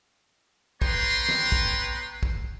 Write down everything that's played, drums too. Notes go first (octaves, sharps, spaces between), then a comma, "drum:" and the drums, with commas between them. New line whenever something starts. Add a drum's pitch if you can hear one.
B3 B4 C#5 G5 A#5 C6, drum: kick
drum: snare
drum: kick
drum: kick